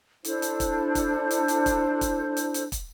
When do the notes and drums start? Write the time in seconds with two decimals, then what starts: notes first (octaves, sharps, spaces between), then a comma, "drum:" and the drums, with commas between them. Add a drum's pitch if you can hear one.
0.24 D4 E4 A4 C5, drum: hi-hat
0.42 drum: hi-hat
0.60 drum: kick, hi-hat
0.95 drum: kick, hi-hat
1.31 drum: hi-hat
1.48 drum: hi-hat
1.66 drum: kick, hi-hat
2.01 drum: kick, hi-hat
2.37 drum: hi-hat
2.54 drum: hi-hat
2.72 drum: kick, hi-hat